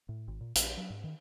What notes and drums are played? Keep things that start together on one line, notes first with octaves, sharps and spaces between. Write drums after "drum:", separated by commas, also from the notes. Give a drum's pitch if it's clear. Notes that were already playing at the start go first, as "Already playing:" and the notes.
A2
G#1
A#2
A#1, drum: hi-hat
F#3
G#2
D#3